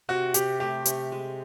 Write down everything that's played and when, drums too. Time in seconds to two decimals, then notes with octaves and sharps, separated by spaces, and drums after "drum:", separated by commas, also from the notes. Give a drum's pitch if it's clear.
0.09 C3 F#4
0.34 C3 G4, drum: hi-hat
0.60 A3 G4
0.85 C3, drum: hi-hat
1.12 G#3